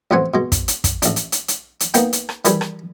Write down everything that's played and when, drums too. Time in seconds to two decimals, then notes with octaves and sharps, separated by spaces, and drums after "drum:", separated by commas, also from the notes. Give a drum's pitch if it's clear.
0.11 A1 A2 E3 C4 F#5 G#5
0.34 B2 G#3
0.52 drum: kick, hi-hat
0.68 drum: hi-hat
0.84 drum: kick, hi-hat
1.02 A1 D4, drum: hi-hat
1.16 drum: hi-hat
1.32 drum: hi-hat
1.48 drum: hi-hat
1.80 drum: hi-hat
1.94 A#3 B3 D#4 G5, drum: hi-hat
2.13 drum: hi-hat
2.29 drum: rim click
2.45 D#3 E3 G3 G#4 B5, drum: hi-hat
2.61 drum: rim click